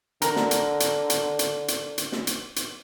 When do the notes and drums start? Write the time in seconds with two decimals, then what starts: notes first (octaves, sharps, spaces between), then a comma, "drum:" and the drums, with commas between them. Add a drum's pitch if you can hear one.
0.22 D3 A#4, drum: hi-hat
0.36 drum: snare
0.51 drum: hi-hat
0.80 drum: hi-hat
1.10 drum: hi-hat
1.39 drum: hi-hat
1.68 drum: hi-hat
1.98 drum: hi-hat
2.12 drum: snare
2.27 drum: hi-hat
2.56 drum: hi-hat